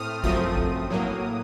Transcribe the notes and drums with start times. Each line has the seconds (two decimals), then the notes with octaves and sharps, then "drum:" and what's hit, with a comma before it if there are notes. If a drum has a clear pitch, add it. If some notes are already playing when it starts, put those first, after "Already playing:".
Already playing: A2 A3 C4 D#6 F6
0.24 F#2 F3 A3 C4 D#6, drum: kick
0.57 drum: kick
0.90 A2 F#3 A#3